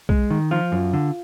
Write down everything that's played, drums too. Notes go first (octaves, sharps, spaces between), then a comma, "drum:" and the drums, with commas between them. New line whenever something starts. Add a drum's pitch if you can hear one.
G#3, drum: kick B1
D#3
F3 F4
F#2
D3